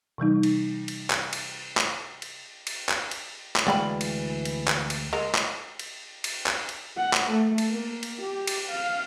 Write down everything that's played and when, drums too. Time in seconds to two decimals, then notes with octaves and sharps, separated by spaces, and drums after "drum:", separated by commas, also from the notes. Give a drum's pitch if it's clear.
0.18 C3 E3 G3 D#4
0.43 drum: cymbal
0.88 drum: cymbal
1.10 drum: clap
1.33 drum: cymbal
1.77 drum: clap
2.22 drum: cymbal
2.67 drum: cymbal
2.89 drum: clap
3.11 drum: cymbal
3.56 drum: clap
3.67 D2 E3 G#3 D5 F5 G5 B5
4.01 drum: cymbal
4.45 drum: cymbal
4.68 drum: clap
4.90 drum: cymbal
5.13 G#3 A#4
5.35 drum: clap
5.79 drum: cymbal
6.24 drum: cymbal
6.46 drum: clap
6.69 drum: cymbal
6.97 F#5
7.13 drum: clap
7.30 A3
7.58 drum: cymbal
7.70 A#3
8.03 drum: cymbal
8.21 G4
8.47 drum: cymbal
8.70 F5